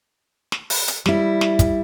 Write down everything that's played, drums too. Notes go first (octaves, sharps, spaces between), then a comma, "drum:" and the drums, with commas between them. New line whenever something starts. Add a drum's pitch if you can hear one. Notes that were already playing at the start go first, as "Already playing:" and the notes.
drum: snare
drum: open hi-hat
drum: hi-hat
G3 E4, drum: snare
drum: snare
drum: kick, hi-hat